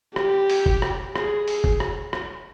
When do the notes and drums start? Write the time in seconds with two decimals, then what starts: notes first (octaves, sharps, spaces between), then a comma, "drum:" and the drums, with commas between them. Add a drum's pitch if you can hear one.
0.16 G4, drum: rim click
0.50 drum: open hi-hat
0.66 drum: kick
0.82 drum: rim click
1.16 G#4, drum: rim click
1.48 drum: open hi-hat
1.64 drum: kick
1.80 drum: rim click
2.13 drum: rim click